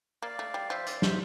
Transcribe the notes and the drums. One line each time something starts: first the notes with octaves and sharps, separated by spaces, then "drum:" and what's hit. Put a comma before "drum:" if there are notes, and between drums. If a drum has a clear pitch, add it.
A#3 D5 F5
A3
G3
F3 C5 E5
D5 F5, drum: hi-hat
C5 E5, drum: snare